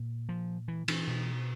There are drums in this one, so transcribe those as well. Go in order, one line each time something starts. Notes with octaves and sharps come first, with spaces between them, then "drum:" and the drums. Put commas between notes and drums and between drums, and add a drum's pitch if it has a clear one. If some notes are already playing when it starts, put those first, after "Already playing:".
Already playing: A#2
F3
E3
E3, drum: cymbal
B2